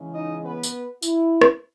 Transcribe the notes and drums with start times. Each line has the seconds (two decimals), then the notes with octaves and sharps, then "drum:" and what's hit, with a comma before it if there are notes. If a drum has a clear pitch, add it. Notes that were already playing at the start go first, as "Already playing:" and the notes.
Already playing: C#3 E3 G#3 C#4
0.14 D#4 D#5
0.44 B3 B4
0.63 drum: tambourine
1.02 E4, drum: tambourine
1.41 drum: rim click